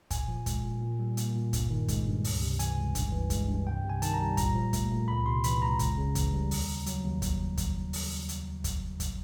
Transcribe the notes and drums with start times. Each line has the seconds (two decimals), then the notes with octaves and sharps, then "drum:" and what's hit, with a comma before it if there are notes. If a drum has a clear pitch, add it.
0.11 A#2 G#5, drum: kick, hi-hat
0.28 F3
0.46 G#3, drum: kick, hi-hat
0.64 A#2
0.81 A#2
0.99 G3
1.17 A#3, drum: hi-hat
1.35 A#2
1.53 G2, drum: kick, hi-hat
1.70 D#3
1.88 G#3, drum: kick, hi-hat
2.07 G2
2.24 C#2, drum: open hi-hat
2.41 C3
2.59 E3 G#5, drum: hi-hat
2.78 C#2
2.95 G2, drum: kick, hi-hat
3.12 E3
3.30 G#3, drum: kick, hi-hat
3.48 G2
3.66 C2 G5
3.84 C3
3.90 G#5
4.02 D#3 A5, drum: hi-hat
4.14 A#5
4.19 G3
4.37 A#2 A#5, drum: kick, hi-hat
4.55 F3
4.73 A3, drum: kick, hi-hat
4.91 A#2
5.08 C#2 B5
5.26 C3 C6
5.44 E3 B5, drum: hi-hat
5.62 C#2 A#5
5.79 C#2, drum: kick, hi-hat
5.98 C#3
6.15 E3, drum: kick, hi-hat
6.33 G3
6.51 D#2, drum: open hi-hat
6.68 C#3
6.86 F#3, drum: hi-hat
7.04 D#2
7.22 drum: kick, hi-hat
7.58 drum: kick, hi-hat
7.93 drum: open hi-hat
8.29 drum: hi-hat
8.64 drum: kick, hi-hat
9.00 drum: kick, hi-hat